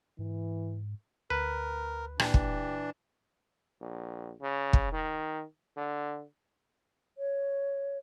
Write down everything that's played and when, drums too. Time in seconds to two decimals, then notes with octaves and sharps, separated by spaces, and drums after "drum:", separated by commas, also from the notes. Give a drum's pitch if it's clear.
0.19 G#2 E3
1.30 D2 A#4 B4
2.19 A#2 E3 D4 G4, drum: rim click
2.34 drum: kick
3.81 A#1
4.42 C#3
4.73 drum: kick
4.92 D#3
5.77 D3
7.18 C#5